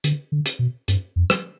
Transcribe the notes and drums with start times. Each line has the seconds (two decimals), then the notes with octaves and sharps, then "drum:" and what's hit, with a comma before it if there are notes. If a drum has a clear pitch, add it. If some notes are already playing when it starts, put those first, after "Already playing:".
0.04 D3, drum: hi-hat
0.32 D3
0.46 drum: hi-hat
0.59 B2
0.88 G2, drum: hi-hat
1.16 F2
1.30 drum: rim click